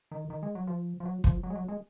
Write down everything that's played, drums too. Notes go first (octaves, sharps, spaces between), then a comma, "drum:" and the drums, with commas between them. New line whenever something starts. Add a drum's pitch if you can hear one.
D#3
D#3
G#3
F#3
F3
F3
F#3
F3, drum: kick
F#3
G#3
F#3
G#3